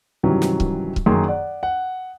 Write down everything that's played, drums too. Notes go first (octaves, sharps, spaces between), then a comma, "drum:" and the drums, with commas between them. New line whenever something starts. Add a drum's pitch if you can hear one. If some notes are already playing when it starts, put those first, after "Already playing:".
G2 C3 D#3 E3 F#3 C#4
drum: snare
drum: kick C#1
drum: kick C#1
F#2 D#3 A#3 G#4 C6
D5 F#5
F#5